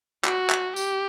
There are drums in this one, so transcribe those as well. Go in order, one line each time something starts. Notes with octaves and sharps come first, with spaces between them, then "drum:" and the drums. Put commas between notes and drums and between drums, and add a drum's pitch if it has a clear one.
F#4, drum: clap
drum: clap
G4, drum: tambourine